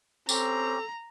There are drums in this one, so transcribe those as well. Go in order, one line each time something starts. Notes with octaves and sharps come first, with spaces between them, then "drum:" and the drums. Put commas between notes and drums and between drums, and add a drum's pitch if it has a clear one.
C4 C#4 G4 A4 A#5, drum: tambourine